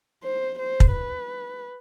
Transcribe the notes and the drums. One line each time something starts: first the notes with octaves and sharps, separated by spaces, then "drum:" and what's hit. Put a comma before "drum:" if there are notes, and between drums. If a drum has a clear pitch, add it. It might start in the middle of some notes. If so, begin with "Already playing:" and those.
C5
C5
drum: kick
B4